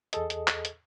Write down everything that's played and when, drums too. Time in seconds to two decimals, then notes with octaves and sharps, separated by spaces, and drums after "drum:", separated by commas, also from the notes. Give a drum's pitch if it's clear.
0.13 E2 G#4 A4 D#5, drum: hi-hat
0.30 drum: hi-hat
0.47 drum: clap
0.65 drum: hi-hat